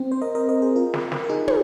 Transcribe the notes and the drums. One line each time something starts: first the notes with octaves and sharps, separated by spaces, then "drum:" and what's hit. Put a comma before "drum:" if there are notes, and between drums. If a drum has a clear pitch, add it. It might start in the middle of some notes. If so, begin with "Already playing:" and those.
Already playing: C4
C5
A#4 D#5
A#4 D#5
A#4 D#5
G#4 C5
F4 A#4
drum: snare
drum: snare
A#4
D#4 G#4
drum: tom